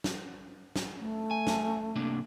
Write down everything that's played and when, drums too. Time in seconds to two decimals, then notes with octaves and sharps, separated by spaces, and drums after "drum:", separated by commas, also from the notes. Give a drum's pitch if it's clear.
0.04 drum: snare
0.76 drum: snare
0.99 A3
1.31 G#5
1.47 drum: snare
1.96 C3 A#3 D4